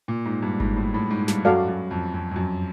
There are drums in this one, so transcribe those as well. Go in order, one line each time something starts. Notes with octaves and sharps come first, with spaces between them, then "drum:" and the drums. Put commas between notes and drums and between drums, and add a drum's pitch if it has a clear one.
A#2
G#2
G2
G#2, drum: kick G1
A2
A2
G#2
G2, drum: snare
F#2 F#4 A4 D5 F5
F#2
F2
F2
F2
F#2